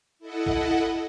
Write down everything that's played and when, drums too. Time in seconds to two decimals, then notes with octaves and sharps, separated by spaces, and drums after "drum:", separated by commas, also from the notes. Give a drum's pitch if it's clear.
0.19 E4 A4 D#5 F#5
0.46 drum: kick